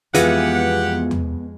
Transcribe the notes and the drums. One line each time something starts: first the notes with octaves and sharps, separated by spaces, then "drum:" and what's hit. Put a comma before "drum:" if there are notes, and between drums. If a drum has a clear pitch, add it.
F2 E3 G#3 B3 F4 G4 G#4 F#5, drum: hi-hat
drum: tom E2